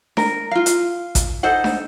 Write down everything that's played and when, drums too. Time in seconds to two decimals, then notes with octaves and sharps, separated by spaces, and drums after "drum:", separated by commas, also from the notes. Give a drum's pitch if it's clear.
0.17 A#4, drum: snare D4
0.51 F4 F5
0.66 drum: hi-hat
1.15 drum: kick A1, hi-hat
1.43 D#4 A4 C5 F#5
1.64 drum: snare D4